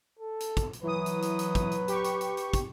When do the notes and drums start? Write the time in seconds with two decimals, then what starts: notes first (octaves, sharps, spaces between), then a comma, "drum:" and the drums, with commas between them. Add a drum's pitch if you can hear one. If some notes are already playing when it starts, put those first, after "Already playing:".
0.19 A4
0.40 drum: hi-hat
0.57 drum: kick, hi-hat
0.73 drum: hi-hat
0.83 E3 F#3 B4 D#6
1.06 drum: hi-hat
1.22 drum: hi-hat
1.39 drum: hi-hat
1.55 drum: kick, hi-hat
1.72 drum: hi-hat
1.88 G4 C#6, drum: hi-hat
2.04 drum: hi-hat
2.21 drum: hi-hat
2.37 drum: hi-hat
2.53 drum: kick, hi-hat